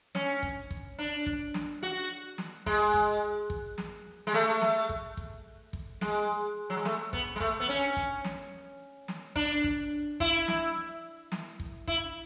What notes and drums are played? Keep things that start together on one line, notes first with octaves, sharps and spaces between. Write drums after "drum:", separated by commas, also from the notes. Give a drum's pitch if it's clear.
C#4, drum: snare
drum: kick
drum: kick
D4
drum: kick
drum: snare
F#4
drum: snare
G#3, drum: kick
drum: kick
drum: kick
drum: snare
G#3
A3
drum: snare
drum: kick
drum: kick
drum: kick
G#3, drum: snare
F#3
G#3
A3, drum: snare
B3, drum: kick
G#3
A3, drum: kick
B3
C#4
drum: kick
drum: snare
drum: snare
D4, drum: kick
drum: kick
E4, drum: kick
drum: snare
drum: snare
drum: kick
E4, drum: kick